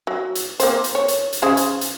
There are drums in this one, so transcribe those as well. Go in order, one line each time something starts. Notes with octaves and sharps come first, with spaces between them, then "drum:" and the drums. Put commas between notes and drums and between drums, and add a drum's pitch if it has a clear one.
F#3
drum: hi-hat
A#3 C4 C5, drum: hi-hat
drum: hi-hat
C#5
drum: hi-hat
drum: hi-hat
C#3 G#4 C5
drum: hi-hat
drum: hi-hat